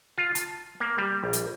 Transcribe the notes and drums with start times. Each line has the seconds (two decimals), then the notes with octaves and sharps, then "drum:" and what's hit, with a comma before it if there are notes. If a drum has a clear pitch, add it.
0.18 F4
0.35 A5, drum: hi-hat
0.80 A#3
0.98 G3
1.24 A#1
1.33 drum: hi-hat